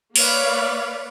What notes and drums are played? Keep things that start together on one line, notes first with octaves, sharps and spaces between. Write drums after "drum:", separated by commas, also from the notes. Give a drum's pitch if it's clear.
A#3 B4 C#5 D5 F5, drum: open hi-hat